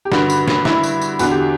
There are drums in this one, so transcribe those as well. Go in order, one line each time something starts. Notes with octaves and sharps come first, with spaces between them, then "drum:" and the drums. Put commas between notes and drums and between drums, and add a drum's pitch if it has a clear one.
G4
G2 D3 F#4, drum: snare
drum: tambourine
drum: snare
E4, drum: snare
drum: tambourine
drum: tambourine
E2 D3 F#4, drum: tambourine
G4